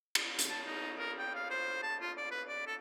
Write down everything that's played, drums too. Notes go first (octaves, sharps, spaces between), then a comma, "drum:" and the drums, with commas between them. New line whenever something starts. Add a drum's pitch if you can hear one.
drum: cymbal
drum: hi-hat
A5
D#4
A#4
G5
F5
C5
A5
F4
D5
B4
D5
A4